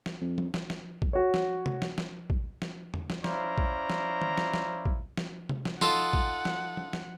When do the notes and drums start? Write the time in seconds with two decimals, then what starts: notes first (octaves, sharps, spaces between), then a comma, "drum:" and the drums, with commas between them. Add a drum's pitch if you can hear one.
0.06 drum: snare
0.21 F2
0.38 drum: tom F3
0.54 drum: snare
0.70 drum: snare
1.02 drum: kick
1.13 F#4 C#5
1.34 drum: snare
1.66 drum: tom C3
1.82 drum: snare
1.98 drum: snare
2.30 drum: kick
2.62 drum: snare
2.94 drum: tom E2
3.10 drum: snare
3.24 C#4 E4 C5 D5 F5 A#5, drum: snare
3.58 drum: kick
3.90 drum: snare
4.22 drum: tom D#3
4.38 drum: snare
4.54 drum: snare
4.85 drum: kick
5.17 drum: snare
5.49 drum: tom C3
5.65 drum: snare
5.81 D#4 F4 A4 F#5 C6 D#6 E6, drum: snare
6.13 drum: kick
6.45 drum: snare
6.77 drum: tom F3
6.93 drum: snare